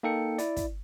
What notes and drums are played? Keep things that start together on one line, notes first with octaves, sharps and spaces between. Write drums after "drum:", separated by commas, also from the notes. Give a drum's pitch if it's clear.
A#3 D#4 A4 G5 C#7
E4 D5, drum: hi-hat
drum: kick, hi-hat